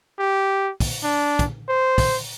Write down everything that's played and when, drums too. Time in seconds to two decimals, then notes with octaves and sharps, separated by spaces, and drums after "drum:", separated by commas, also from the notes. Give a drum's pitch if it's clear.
0.19 G4
0.80 drum: kick, open hi-hat
1.03 D4
1.39 drum: kick, hi-hat
1.69 C5
1.98 drum: kick, open hi-hat